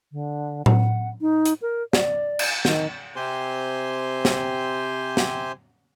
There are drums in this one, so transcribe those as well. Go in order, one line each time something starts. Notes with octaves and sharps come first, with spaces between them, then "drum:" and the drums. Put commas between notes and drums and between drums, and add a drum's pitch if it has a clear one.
D3
F#5, drum: tom A2
D#4
drum: hi-hat
A#4
D5, drum: snare
drum: cymbal
D#3, drum: snare
C3 C4 G4 C5 G#5 C6
drum: snare
drum: snare